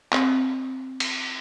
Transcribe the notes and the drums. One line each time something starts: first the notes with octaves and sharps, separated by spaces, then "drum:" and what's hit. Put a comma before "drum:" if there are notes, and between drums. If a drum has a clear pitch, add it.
C4, drum: clap
drum: cymbal